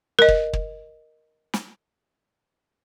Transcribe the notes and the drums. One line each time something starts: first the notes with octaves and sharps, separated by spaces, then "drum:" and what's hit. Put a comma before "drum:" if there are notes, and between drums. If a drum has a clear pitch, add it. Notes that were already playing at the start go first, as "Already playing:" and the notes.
A#4 D#5
drum: kick
drum: kick
drum: snare